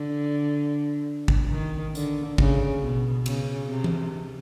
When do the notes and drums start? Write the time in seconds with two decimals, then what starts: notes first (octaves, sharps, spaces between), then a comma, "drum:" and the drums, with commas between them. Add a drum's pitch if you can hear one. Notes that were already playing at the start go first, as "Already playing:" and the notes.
Already playing: D3
1.28 drum: kick
1.51 D#3
1.95 D3, drum: tambourine
2.38 C#3, drum: kick
2.82 B2
3.26 C#3, drum: cymbal
3.69 C3
3.84 drum: tom E3